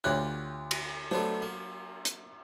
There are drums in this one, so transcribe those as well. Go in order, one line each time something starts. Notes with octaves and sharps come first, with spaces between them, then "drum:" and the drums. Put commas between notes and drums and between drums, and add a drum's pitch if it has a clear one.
D2 F4 G4 C#5 F#6
drum: cymbal
F#3 A3 B3 D4 C5
A#3
drum: hi-hat